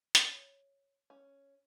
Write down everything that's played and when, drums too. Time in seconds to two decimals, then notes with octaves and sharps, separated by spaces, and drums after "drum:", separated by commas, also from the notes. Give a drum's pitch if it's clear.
0.15 C#5, drum: hi-hat
1.10 C#4